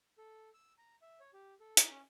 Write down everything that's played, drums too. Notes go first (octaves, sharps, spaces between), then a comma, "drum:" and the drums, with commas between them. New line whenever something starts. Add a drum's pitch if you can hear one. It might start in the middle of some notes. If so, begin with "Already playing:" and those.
A4
E6
A#5
E5
C#5
G4
A4
D#4, drum: hi-hat
C#4